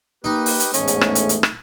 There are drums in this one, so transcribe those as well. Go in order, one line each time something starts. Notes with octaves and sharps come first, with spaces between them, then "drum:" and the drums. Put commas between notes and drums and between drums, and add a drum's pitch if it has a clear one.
A#3 D#4 G4 B4
drum: open hi-hat
drum: hi-hat
A1 E2 G#2 G#3 A3 C#4, drum: hi-hat
drum: hi-hat
drum: rim click
drum: hi-hat
drum: hi-hat
drum: rim click